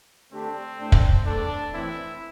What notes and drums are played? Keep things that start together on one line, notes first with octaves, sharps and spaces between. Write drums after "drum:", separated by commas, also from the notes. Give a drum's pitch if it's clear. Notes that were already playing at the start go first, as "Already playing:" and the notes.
D3 A3 C4 D4 G4
A2 A3 D4 C5
drum: kick
E2 D3 A3 C4 D4 A4
A2 E3 C4 E4